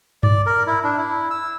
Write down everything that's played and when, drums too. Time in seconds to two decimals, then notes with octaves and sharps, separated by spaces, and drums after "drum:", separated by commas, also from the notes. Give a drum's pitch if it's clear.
0.23 D5, drum: tom G2
0.46 A#4
0.67 E4
0.84 D4
0.97 E4
1.31 E6